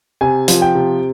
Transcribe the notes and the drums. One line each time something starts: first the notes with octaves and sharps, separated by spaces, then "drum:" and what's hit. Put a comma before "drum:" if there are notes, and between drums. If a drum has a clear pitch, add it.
C3 G#5
F3, drum: hi-hat
G5
C3